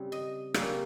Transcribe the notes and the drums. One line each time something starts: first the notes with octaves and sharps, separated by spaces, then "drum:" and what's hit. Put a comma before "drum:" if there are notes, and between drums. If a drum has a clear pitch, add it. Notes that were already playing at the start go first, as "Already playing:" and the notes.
Already playing: C#3 G3 C4
D#5
C#3 G3 A#3 C#4, drum: rim click